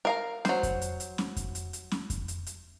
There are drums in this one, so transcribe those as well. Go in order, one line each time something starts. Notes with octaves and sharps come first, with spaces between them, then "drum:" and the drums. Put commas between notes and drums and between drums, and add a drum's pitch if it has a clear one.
A#4 F5 A#5
F#3 C5, drum: snare C#4
drum: kick F2, hi-hat
drum: hi-hat
drum: hi-hat
drum: snare C#4
drum: kick F2, hi-hat
drum: hi-hat
drum: hi-hat
drum: snare C#4
drum: kick F2, hi-hat
drum: hi-hat
drum: hi-hat